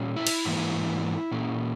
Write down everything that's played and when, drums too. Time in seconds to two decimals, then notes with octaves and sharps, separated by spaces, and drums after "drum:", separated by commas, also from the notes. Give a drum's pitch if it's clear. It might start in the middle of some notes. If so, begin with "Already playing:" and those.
Already playing: A#2 G3 C#4
0.17 E4
0.27 drum: cymbal
0.45 G#2 E3 A#3
1.31 A#2 A#3 C#4